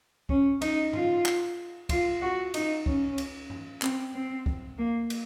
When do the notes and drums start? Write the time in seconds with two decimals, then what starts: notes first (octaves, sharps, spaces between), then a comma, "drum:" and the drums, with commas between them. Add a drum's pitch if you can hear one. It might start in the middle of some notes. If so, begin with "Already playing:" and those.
0.29 C#4, drum: kick
0.62 D#4, drum: cymbal
0.93 F4, drum: tom G2
1.26 drum: clap
1.89 F4, drum: kick, cymbal
2.21 F#4
2.54 D#4, drum: cymbal
2.86 C#4, drum: kick
3.18 drum: cymbal
3.50 drum: tom G2
3.82 C4, drum: clap
4.14 C4
4.46 drum: kick
4.78 A#3
5.10 drum: cymbal